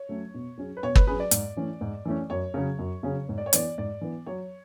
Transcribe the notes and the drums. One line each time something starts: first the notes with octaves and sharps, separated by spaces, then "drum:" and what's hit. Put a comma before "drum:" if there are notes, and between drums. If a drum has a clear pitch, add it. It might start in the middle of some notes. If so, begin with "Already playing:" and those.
Already playing: C#5
F#3 A3 C#4
B2
F#3 C#4 G#4
B4
B2 C#5
B4, drum: kick
F#3 C#4 G#4 B4
D5
G#2, drum: hi-hat
E3 A3 C#4
G#2
E3 A3 C#4
F#2 C#5
C#3 F#3 C#4 G#4
F#2
C#3 F#3 C#4 G#4
G#2
D5
C#5
E3 B3 D5, drum: hi-hat
G#2 D5
E3 B3
F#3 C#5